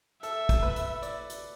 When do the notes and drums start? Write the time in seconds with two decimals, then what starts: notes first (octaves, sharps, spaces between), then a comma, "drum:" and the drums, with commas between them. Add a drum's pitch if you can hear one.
0.23 A4 E5, drum: hi-hat
0.49 drum: kick, hi-hat
0.63 B4
0.76 drum: hi-hat
1.02 D5, drum: hi-hat
1.29 drum: hi-hat